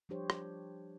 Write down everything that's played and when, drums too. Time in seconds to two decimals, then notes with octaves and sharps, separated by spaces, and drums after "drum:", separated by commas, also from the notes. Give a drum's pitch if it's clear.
0.09 F3 G3 D4 G4 C5 C#5
0.30 drum: rim click